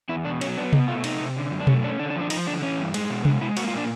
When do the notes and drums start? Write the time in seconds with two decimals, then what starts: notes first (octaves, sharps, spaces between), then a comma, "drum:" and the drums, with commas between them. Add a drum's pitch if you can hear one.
0.09 E2 E4
0.25 B2 D4
0.41 F#3 C#4, drum: cymbal
0.57 B3 D4
0.73 B2 D#4, drum: tom C3
0.88 A3 F4
1.04 C3 D#4, drum: cymbal
1.20 C3
1.36 D3
1.51 F#2
1.61 D4
1.67 A3 C#4, drum: tom B2
1.83 C#4 D4
1.99 D3 D4
2.10 D4
2.16 F3
2.21 D4
2.30 F3 D#4, drum: cymbal
2.47 D3 D4
2.62 E3 C#4
2.78 G2
2.94 G#3, drum: cymbal
3.10 B2
3.25 G#3 D4, drum: tom C3
3.41 G#3 E4
3.57 A#3 F#4, drum: cymbal
3.68 F4
3.74 A#2 D4